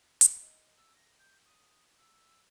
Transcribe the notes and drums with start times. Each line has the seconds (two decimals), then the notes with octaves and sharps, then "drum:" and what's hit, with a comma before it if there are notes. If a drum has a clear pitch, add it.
0.21 F#5, drum: hi-hat
0.41 D#5
0.77 E6
0.95 A#6
1.19 G6
1.45 D#6
1.98 E6